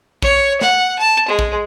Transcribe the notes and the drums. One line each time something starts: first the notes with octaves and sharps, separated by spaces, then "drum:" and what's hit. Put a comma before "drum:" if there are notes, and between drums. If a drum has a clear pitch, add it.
C#5, drum: kick
F#5, drum: snare
A5
G#3
drum: kick